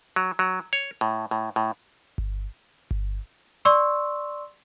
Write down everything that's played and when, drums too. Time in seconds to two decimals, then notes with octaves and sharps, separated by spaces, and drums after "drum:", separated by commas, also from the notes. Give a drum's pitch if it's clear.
0.16 F#3
0.39 F#3
0.73 C#5
1.01 A2
1.31 A2
1.56 A2
2.18 drum: kick G1
2.91 drum: kick G1
3.65 D5 C6 C#6 E6